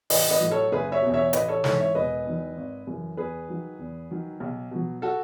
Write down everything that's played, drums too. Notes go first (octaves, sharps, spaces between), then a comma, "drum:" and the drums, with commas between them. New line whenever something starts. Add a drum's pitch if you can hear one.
A1 B4 D#5, drum: open hi-hat
B4 D#5
A2 F#3
A4 C#5
F#1 G#4 B4
C#5 E5
E2 B2
C#5 E5
A1 B4 D#5, drum: hi-hat
A4 C#5
G#2 E3 A4 C#5, drum: snare
C#5 E5
E1 B4 D#5
E2 D#3 F#3
G#1
F#2 E3
E2 G#4 B4
D#3 F#3
E2
D#3 F#3
B1
B2 F#3
F#4 A4